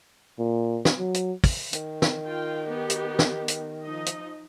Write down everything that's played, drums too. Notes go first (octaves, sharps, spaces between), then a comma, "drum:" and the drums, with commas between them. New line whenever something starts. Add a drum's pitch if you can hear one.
A#2
drum: snare
F#3
drum: hi-hat
drum: kick, open hi-hat
D#3, drum: hi-hat
drum: snare
F4 G5
B3 D#4 G4
drum: hi-hat
drum: snare
drum: hi-hat
F3 D#4 D#5
drum: hi-hat